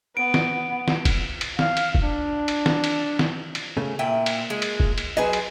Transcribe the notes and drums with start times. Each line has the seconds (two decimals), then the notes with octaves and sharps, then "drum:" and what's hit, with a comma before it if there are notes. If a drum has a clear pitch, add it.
0.17 B3 D7
0.34 drum: snare
0.88 drum: snare
1.05 drum: kick, cymbal
1.41 drum: cymbal
1.59 F5, drum: snare
1.77 drum: cymbal
1.95 drum: kick
2.04 D4
2.48 drum: cymbal
2.66 drum: snare
2.84 drum: cymbal
3.19 drum: snare
3.55 drum: cymbal
3.77 C#3 A3 C#4
3.99 A#2 A#3 E4 G5
4.26 drum: cymbal
4.50 G#3
4.62 drum: cymbal
4.80 drum: kick
4.98 drum: cymbal
5.17 F#3 G#4 B4 C5 D#5
5.33 drum: cymbal